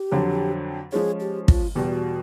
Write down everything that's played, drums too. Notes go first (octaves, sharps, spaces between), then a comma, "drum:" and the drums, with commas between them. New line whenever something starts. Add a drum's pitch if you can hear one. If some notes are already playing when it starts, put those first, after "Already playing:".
Already playing: G4
F2 D3 F#3
F3 G#3 C#4 G#4
G4
F4, drum: kick
E2 B2 G3 F#4